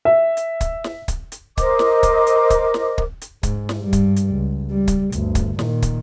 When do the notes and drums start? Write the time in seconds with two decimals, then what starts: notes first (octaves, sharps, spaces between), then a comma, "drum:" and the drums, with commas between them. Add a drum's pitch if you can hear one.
0.05 E5
0.37 drum: hi-hat
0.61 drum: kick, hi-hat
0.84 drum: snare
1.08 drum: kick, hi-hat
1.32 drum: hi-hat
1.57 A#4 C5 D#5 D6, drum: kick, hi-hat
1.79 drum: snare
2.03 drum: kick, hi-hat
2.27 drum: hi-hat
2.50 drum: kick, hi-hat
2.74 drum: snare
2.98 drum: kick
3.22 drum: hi-hat
3.43 G#2, drum: kick, hi-hat
3.69 drum: snare
3.82 G2 G3
3.93 drum: kick, hi-hat
4.16 drum: hi-hat
4.34 C#2
4.71 G3
4.88 drum: kick, hi-hat
5.12 G1 D2, drum: hi-hat
5.35 drum: kick, hi-hat
5.59 A#2 D#3, drum: snare
5.82 drum: kick, hi-hat